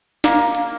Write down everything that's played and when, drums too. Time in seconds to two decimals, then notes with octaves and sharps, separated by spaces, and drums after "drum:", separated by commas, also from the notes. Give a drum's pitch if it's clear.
0.24 A#3, drum: snare
0.55 drum: hi-hat